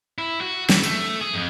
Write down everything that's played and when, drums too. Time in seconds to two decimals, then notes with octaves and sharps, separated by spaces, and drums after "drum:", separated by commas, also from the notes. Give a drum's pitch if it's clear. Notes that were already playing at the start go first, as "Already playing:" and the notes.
0.18 E4
0.41 F#4
0.69 E3, drum: snare
0.83 A3, drum: tambourine
1.21 G#4
1.34 F2